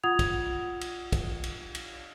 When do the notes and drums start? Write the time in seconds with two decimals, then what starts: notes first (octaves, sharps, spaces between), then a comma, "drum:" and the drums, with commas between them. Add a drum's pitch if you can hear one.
0.04 F4 F#5 D#6 G#6 F7
0.19 drum: kick, cymbal
0.81 drum: cymbal
1.12 drum: kick, cymbal
1.44 drum: cymbal
1.75 drum: cymbal